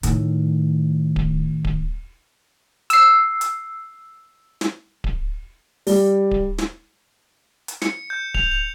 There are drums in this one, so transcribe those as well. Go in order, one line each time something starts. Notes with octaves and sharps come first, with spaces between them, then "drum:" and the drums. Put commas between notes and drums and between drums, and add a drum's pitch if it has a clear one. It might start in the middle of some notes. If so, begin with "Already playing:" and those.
A2 D#3, drum: hi-hat
drum: kick D1
drum: kick D1
E6 C7, drum: hi-hat
drum: hi-hat
drum: snare
drum: kick D1
G3, drum: open hi-hat
drum: kick D1
drum: snare
drum: hi-hat
C#7, drum: snare
G6
F7, drum: kick D1
F7